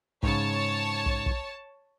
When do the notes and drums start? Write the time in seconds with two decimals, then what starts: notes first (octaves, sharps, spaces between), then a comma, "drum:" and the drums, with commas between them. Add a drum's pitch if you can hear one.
0.23 G#2 C#3 C#5 A5, drum: kick
1.06 drum: kick
1.26 drum: kick